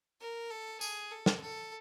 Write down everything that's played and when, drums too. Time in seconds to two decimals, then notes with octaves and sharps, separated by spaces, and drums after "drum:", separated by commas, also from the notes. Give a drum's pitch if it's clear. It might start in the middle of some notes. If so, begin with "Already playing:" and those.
0.21 A#4
0.51 A4
0.81 G#4, drum: tambourine
1.11 A4
1.26 drum: snare
1.42 A4